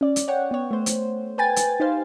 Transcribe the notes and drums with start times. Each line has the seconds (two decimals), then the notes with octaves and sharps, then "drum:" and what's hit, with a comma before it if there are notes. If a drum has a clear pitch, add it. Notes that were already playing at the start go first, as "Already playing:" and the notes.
0.01 C#4 D5
0.16 drum: hi-hat
0.28 C#5 F#5 G5
0.51 B3 C#5
0.71 A3 C5
0.86 drum: hi-hat
1.38 B4 G5 G#5 A6
1.56 drum: hi-hat
1.80 D#4 G4 C5 F5